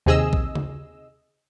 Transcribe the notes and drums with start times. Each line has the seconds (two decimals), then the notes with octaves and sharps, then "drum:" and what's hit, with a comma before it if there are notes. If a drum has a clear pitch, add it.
0.06 D#2 C3 G#4 D#5 E6
0.33 drum: kick B1
0.55 drum: tom C#3